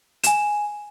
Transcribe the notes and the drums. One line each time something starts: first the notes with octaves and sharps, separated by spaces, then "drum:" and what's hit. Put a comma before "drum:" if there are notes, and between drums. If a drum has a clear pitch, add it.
G#5 E7, drum: hi-hat